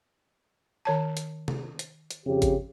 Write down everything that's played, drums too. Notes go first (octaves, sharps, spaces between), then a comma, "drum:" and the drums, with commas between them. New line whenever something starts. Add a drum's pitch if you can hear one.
D#3 C#5 A5
drum: hi-hat
drum: tom C3
drum: hi-hat
drum: hi-hat
F2 C#3 G4
drum: kick G#1, hi-hat